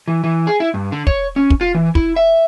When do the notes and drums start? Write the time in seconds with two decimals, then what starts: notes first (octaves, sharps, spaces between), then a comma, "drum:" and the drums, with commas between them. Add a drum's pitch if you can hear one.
0.08 E3
0.24 E3
0.47 G#4
0.60 E4
0.74 G2
0.92 D3
1.07 C#5, drum: kick
1.36 C#4
1.50 drum: kick
1.61 F4
1.74 E3
1.95 E4, drum: kick
2.16 E5